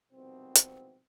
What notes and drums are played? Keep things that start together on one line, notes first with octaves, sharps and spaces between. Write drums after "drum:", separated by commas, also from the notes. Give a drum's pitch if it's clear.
C2 G#2 B2 F3 C4
drum: hi-hat